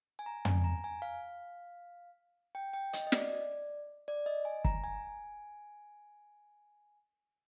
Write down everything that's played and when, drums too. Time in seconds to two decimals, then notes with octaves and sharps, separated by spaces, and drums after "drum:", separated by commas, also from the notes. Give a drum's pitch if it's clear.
0.19 G#5
0.26 A#5
0.45 G#5, drum: tom
0.64 A#5
0.84 G#5
1.02 F5
2.55 G5
2.74 G5
2.93 D#5, drum: hi-hat
3.07 D#5
3.12 D5, drum: snare
4.08 D5
4.26 D#5
4.45 G#5
4.65 A#5, drum: kick
4.84 G#5